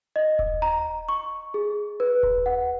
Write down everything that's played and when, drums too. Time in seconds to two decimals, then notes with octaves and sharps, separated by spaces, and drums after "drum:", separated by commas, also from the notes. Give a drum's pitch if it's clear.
0.16 D#5
0.39 drum: kick D#1
0.62 A#5
1.09 C#6
1.54 G#4
2.00 B4
2.23 drum: kick D#1
2.46 F#5